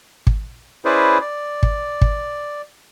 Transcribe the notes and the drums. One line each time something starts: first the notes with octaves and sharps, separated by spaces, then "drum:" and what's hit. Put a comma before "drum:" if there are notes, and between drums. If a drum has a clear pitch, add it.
drum: kick
C#4 E4 G#4 B4 C5 D5
D5
drum: kick
drum: kick